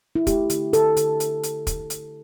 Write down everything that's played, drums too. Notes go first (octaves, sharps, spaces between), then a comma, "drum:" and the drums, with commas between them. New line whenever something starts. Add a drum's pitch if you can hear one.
E4
A3 G4, drum: kick, hi-hat
D3, drum: hi-hat
D3 A4, drum: hi-hat
D3, drum: hi-hat
drum: hi-hat
drum: hi-hat
drum: kick, hi-hat
drum: hi-hat